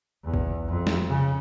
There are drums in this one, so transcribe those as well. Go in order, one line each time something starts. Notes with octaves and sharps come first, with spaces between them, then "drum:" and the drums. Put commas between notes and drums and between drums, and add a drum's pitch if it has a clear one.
E2
drum: kick A#1
F2
drum: snare
C#3